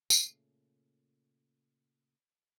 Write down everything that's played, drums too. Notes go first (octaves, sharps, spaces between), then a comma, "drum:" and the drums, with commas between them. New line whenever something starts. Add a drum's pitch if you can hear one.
A#2 C#3 A3, drum: tambourine